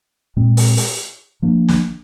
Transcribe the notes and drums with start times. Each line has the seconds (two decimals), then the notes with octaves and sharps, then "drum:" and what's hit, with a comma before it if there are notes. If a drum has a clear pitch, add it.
0.36 A#2 G#3 C4
0.57 drum: open hi-hat
0.77 drum: open hi-hat
1.42 F3 A#3 D4
1.68 drum: snare